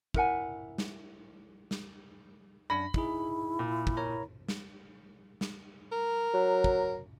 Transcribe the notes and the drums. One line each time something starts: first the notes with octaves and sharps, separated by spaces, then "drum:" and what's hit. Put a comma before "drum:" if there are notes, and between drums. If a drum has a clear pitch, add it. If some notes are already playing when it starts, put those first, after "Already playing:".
E4 A#4 F#5 G#5, drum: kick
drum: snare
drum: snare
F#2 D4 B5 A#6
D#4 E4 G#4, drum: kick
A#2
drum: kick
A#4 C#5 A#5
drum: snare
drum: snare
A#4
F#3
drum: kick